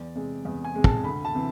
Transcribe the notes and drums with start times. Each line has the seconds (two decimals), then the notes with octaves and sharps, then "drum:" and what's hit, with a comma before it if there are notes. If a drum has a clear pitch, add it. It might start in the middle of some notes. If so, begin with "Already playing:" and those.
Already playing: E2 D5
0.15 C3 G#3
0.45 E2
0.64 G#5
0.75 C3 G#3
0.84 A5, drum: kick
1.04 D2 B5
1.25 A5
1.35 C3 E3